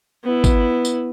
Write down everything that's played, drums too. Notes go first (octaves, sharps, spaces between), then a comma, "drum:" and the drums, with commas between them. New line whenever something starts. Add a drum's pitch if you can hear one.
B3 E4
drum: kick, tambourine
drum: tambourine